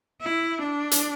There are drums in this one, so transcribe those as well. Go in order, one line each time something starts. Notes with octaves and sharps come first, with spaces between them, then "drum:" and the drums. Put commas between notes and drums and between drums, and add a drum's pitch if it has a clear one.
E4
D4
drum: hi-hat